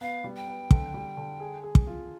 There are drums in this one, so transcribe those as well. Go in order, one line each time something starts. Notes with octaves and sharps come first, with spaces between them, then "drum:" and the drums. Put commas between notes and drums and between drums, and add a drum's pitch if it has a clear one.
B3 F5
G3
G5
B3
D3, drum: kick
G3
D3
G#4
G#4
drum: kick
F4